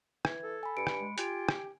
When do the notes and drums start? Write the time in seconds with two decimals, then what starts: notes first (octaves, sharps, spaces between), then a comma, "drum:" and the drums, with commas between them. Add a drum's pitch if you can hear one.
0.25 E3 G#6, drum: rim click
0.43 A4
0.63 G#5 B5
0.77 G2 B5 C#7 D7
0.87 drum: rim click
0.99 G#3
1.18 F4 G4 G#5 G#6 D7, drum: hi-hat
1.49 drum: rim click